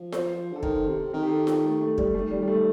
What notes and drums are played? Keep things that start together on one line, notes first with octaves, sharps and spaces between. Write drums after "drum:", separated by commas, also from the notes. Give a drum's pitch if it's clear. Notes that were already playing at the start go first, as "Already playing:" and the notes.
Already playing: F3
C5, drum: snare F4
D3 A4
D#3 A#4, drum: kick
C3
D#3 A#4
G4
A4
G4, drum: snare F4
A3
A3
G3, drum: kick
D#3 A3
G3
G3
A3